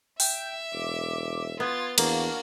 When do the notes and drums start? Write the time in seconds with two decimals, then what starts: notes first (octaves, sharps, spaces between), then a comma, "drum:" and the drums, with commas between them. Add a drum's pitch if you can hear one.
0.20 E5 G5, drum: open hi-hat
0.73 E1 D6
1.60 B3 F4 G#6 A6
1.98 E2 A#3 D4 F#4 F5, drum: cymbal